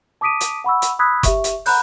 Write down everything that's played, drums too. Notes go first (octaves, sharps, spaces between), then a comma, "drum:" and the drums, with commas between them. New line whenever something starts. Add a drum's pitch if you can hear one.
A5 D6 D#6 B6 D7 D#7
drum: hi-hat
F#5 B5 C#6 E6
drum: hi-hat
B5 D#6 E6 F#6 G#6 B6
G4 E5 C#6, drum: kick F#1, hi-hat
drum: hi-hat
F#5 A#5 B5 F#6 G6, drum: open hi-hat